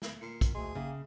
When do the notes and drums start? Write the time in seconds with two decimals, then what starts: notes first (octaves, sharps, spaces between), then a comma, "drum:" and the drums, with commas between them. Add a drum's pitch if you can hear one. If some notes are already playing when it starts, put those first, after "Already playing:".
0.02 drum: snare
0.21 A#2 C7 C#7
0.41 drum: kick, hi-hat
0.55 D2 G#4 D#5 C6
0.75 C#3 A#3 E5 G5